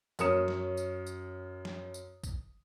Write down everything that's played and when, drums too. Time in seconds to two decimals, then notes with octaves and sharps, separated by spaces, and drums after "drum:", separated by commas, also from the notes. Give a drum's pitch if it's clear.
0.19 F#2 C#4 A#4 D#6 C#7 E7, drum: tambourine
0.48 drum: snare
0.77 drum: tambourine
1.07 drum: tambourine
1.65 drum: snare
1.94 drum: tambourine
2.24 drum: kick, tambourine